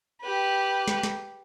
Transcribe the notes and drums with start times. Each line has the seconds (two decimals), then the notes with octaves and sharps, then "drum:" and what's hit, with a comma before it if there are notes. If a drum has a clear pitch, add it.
0.22 G4 B4
0.88 drum: snare
1.03 drum: snare